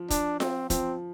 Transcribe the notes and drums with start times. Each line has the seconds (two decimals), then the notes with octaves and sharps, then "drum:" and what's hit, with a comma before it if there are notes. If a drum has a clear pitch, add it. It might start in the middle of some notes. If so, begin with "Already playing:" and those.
Already playing: F3
0.10 D4, drum: kick, hi-hat
0.40 C4, drum: snare F4
0.70 F3 C4, drum: kick, hi-hat